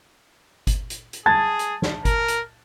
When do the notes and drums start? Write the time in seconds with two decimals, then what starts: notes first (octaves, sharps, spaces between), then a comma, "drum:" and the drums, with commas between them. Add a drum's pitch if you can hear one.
0.67 drum: kick G1, hi-hat
0.90 drum: hi-hat
1.13 drum: hi-hat
1.26 G#4 A5 G#6 A6
1.59 drum: hi-hat
1.82 drum: snare
2.05 A#4, drum: kick G1, hi-hat
2.28 drum: hi-hat